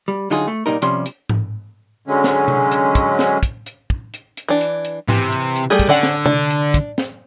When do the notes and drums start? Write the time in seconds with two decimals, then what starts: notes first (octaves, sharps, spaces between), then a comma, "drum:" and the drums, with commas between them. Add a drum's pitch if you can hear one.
0.08 G3
0.30 D3 F#3 D#4 F4 G#4
0.48 A3
0.66 A#2 G3 D#4 A#4
0.82 C3 F3 G3 C#4 C6, drum: hi-hat
1.06 drum: hi-hat
1.29 drum: tom G#2
2.07 D3 F#3 G#3 C#4
2.24 drum: snare
2.48 drum: tom C3
2.72 drum: hi-hat
2.95 drum: kick, hi-hat
3.19 drum: snare
3.43 drum: kick, hi-hat
3.66 drum: hi-hat
3.90 drum: kick
4.14 drum: hi-hat
4.37 drum: hi-hat
4.49 E3 D4
4.61 drum: hi-hat
4.85 drum: hi-hat
5.09 C3 E3, drum: tom G#2
5.32 drum: hi-hat
5.56 drum: hi-hat
5.70 G3 A3 G#4
5.79 drum: kick, hi-hat
5.89 D3 C#4 D5 F#5
6.03 drum: snare
6.26 D4, drum: tom C3
6.51 drum: hi-hat
6.74 drum: kick, hi-hat
6.98 drum: snare